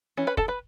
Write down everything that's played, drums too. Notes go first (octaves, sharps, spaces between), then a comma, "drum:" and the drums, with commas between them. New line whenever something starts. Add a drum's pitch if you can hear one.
E3 C#4
B4 B5
A4 A5, drum: kick
B4 B5